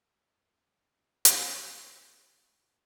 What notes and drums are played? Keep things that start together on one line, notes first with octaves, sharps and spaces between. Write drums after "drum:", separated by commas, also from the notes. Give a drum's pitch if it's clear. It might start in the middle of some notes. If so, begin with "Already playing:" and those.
B1 F2 C4 F4 E5
drum: hi-hat